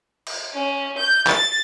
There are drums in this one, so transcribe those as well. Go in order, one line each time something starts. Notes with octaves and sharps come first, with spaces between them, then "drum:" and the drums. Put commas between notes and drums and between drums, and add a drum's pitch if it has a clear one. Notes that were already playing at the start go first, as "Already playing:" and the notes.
drum: cymbal
C#4
G6
A6, drum: clap